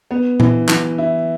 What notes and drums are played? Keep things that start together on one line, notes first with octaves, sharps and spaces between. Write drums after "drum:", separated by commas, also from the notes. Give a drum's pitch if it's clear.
B3
E3, drum: tom A#2
E3, drum: clap
E4